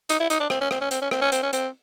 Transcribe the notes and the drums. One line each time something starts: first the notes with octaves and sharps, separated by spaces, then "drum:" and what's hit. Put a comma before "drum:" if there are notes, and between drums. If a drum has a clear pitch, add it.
D#4, drum: hi-hat
E4
D#4, drum: hi-hat
D4
C4, drum: rim click
C#4
C4, drum: rim click
C#4
C4, drum: hi-hat
C#4
C4, drum: rim click
C#4
C4, drum: hi-hat
C#4
C4, drum: hi-hat